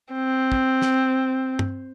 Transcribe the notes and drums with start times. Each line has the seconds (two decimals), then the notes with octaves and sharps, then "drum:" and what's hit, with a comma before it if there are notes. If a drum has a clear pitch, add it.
0.14 C4
0.52 drum: kick
0.82 drum: snare
1.59 drum: tom